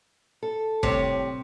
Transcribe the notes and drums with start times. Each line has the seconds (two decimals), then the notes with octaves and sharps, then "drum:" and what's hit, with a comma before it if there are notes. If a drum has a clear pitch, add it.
0.43 A4
0.83 A2 C3 G3 C#5, drum: kick